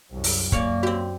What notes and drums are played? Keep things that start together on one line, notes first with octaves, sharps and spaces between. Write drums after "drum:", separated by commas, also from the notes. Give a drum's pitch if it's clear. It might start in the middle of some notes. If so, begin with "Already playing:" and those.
C2 F#2
drum: open hi-hat
F#2 A#3 C#4 C#5 D5, drum: kick
C4 F#4 G4